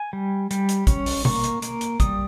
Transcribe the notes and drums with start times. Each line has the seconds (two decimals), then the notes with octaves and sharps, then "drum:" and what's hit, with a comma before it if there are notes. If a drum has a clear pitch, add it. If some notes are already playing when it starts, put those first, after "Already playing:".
Already playing: G#5
0.13 G3
0.51 G3, drum: hi-hat
0.69 drum: hi-hat
0.87 C#4, drum: kick A1, hi-hat
1.06 drum: open hi-hat
1.25 A#3 C#6, drum: tom B2
1.44 drum: hi-hat
1.62 A#3, drum: hi-hat
1.81 drum: hi-hat
2.00 G3 D#6, drum: kick A1, hi-hat